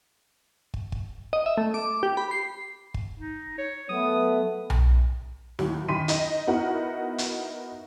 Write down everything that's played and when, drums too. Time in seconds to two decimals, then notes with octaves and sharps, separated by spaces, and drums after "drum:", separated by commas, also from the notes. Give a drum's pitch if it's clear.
0.74 drum: kick
0.92 drum: kick
1.33 D#5
1.46 E5
1.57 A3
1.74 D6
2.03 G4
2.17 B5
2.31 C7
2.94 drum: kick
3.19 D#4
3.58 C#5
3.89 F#3 A3 B3 D#6
4.70 drum: tom B1
5.59 D#2 A2 F#3, drum: snare
5.89 F#2 D#3 B5 C6 B6 D#7
6.08 D#4 D#5, drum: hi-hat
6.47 B3 D#4 E4 F#4 A#4 F#5
7.18 drum: hi-hat